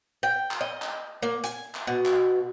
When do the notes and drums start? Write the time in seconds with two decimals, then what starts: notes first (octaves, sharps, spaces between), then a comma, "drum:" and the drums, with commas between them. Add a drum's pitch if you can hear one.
0.23 G5
0.51 drum: clap
0.61 D#5
0.82 drum: clap
1.23 A#3
1.44 G#5, drum: hi-hat
1.75 drum: clap
1.87 B2
2.05 drum: clap